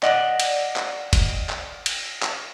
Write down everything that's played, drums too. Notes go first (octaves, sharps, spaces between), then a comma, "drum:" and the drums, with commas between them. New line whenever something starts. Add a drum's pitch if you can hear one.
D5 D#5 F#5, drum: clap
drum: cymbal
drum: clap
drum: kick, cymbal
drum: clap
drum: cymbal
drum: clap